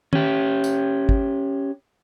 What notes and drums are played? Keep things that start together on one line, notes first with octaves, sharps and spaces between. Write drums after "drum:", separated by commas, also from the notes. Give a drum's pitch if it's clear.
C#4 G4, drum: tom
drum: tambourine
drum: kick G1